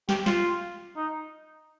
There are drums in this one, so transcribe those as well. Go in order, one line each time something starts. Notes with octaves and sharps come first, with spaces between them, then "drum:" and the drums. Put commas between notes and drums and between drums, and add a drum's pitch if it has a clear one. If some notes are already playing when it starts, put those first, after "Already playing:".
G4, drum: snare
F4, drum: snare
D#4